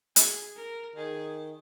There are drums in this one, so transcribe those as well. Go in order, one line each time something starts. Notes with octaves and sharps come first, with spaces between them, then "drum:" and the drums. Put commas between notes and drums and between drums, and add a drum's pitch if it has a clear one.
G#4, drum: hi-hat
A#4
D#3 G#4